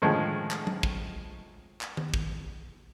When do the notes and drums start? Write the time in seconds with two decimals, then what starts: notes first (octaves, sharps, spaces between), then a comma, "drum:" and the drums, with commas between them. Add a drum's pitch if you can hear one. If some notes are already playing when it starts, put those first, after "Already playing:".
0.02 A2 D3 D#3 F3 G#3 C#4
0.51 drum: clap
0.67 drum: tom F#3
0.83 drum: kick
1.81 drum: clap
1.97 drum: tom D#3
2.14 drum: kick